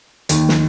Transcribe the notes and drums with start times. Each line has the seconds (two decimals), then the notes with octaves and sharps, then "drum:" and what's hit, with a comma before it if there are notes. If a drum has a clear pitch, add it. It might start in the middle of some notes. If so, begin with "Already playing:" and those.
0.29 D#2 D#3, drum: hi-hat
0.49 drum: snare